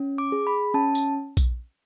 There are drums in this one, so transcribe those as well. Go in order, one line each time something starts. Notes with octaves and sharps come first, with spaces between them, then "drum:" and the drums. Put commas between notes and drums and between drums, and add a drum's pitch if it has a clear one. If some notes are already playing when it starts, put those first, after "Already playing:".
Already playing: C#4
D6
G#4
B5
C#4 A5
drum: tambourine
drum: kick A#1, tambourine